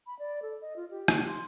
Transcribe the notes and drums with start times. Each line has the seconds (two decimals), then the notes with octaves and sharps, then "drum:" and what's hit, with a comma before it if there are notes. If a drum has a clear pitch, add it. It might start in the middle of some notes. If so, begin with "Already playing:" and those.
0.07 B5
0.19 D5
0.42 A4
0.62 D#5
0.76 F4
0.90 G4
1.08 drum: rim click
1.27 C6